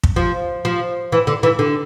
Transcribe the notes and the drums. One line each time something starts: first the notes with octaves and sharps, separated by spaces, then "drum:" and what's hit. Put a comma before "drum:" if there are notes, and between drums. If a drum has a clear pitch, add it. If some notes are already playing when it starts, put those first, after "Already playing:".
drum: kick
F3
F3
E3
D3
E3
D3